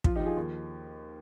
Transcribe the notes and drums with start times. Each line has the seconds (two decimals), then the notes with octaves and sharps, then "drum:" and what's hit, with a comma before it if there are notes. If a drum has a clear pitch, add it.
0.04 F3 F4, drum: kick
0.15 D#4 G4
0.20 F3
0.26 F4 G#4
0.37 D#2